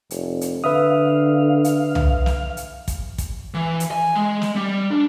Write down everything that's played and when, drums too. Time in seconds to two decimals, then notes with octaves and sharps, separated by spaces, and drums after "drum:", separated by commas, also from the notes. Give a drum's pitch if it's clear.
0.11 F1, drum: hi-hat
0.41 drum: hi-hat
0.64 D3 B4 E5 F5 D#6
1.64 drum: hi-hat
1.95 drum: tom C2
2.26 drum: snare
2.57 drum: hi-hat
2.88 drum: kick, hi-hat
3.18 drum: kick, hi-hat
3.54 E3
3.80 drum: hi-hat
3.91 G#5
4.15 G#3
4.42 drum: snare
4.56 G3
4.91 D4